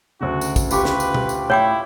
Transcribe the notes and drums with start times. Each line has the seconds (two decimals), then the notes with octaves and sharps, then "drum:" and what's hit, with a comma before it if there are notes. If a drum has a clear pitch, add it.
0.21 D2 C#3 F#4
0.41 drum: tambourine
0.56 drum: kick, tambourine
0.71 F4 G4 B4 C#6, drum: tambourine
0.85 drum: snare
1.00 drum: tambourine
1.14 drum: tom
1.29 drum: tambourine
1.50 A2 E4 C#5 G5 D6